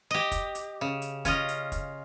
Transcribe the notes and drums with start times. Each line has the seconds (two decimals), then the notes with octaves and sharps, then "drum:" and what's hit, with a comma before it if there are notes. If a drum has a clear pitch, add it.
0.11 G4 D#5
0.31 drum: kick, hi-hat
0.55 drum: hi-hat
0.81 C#3
1.02 drum: hi-hat
1.25 C#4 F4 D#5, drum: kick, hi-hat
1.48 drum: hi-hat
1.72 drum: kick, hi-hat